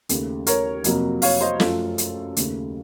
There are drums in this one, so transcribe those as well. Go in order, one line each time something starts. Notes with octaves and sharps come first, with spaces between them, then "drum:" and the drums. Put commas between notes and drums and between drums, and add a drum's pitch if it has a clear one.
D#2 C#3 A3, drum: hi-hat
A#4 C#5, drum: hi-hat
F2 C3 F#3 A#3, drum: hi-hat
C#5 F5, drum: open hi-hat
C5 D#5
F#2 F3 A3 F4 A4, drum: snare
drum: hi-hat
D#2 C#3 A3, drum: hi-hat